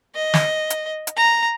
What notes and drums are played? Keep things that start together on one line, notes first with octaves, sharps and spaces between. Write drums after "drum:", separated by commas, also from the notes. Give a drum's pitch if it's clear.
D#5
drum: snare
drum: hi-hat
drum: hi-hat
A#5